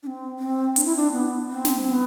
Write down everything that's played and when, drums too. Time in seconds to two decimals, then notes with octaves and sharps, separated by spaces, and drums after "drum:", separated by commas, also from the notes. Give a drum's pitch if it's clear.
0.03 D4
0.07 C4
0.39 C4
0.76 D4, drum: hi-hat
0.85 E4
0.96 D4
1.12 B3
1.49 C4
1.65 drum: snare
1.86 C4
1.90 B3